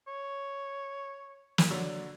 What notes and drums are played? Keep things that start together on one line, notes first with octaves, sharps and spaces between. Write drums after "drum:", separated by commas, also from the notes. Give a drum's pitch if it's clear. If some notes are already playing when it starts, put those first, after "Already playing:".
C#5
drum: snare
D3 F#3 D4